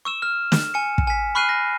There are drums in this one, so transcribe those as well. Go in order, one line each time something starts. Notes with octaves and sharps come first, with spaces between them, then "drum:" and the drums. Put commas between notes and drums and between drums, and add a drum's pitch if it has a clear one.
C#6 E6 E7
F6
drum: snare
G#5 C#7
drum: kick
G#5 B6
B5 C#6 F6 F#6 C7 D#7
A#6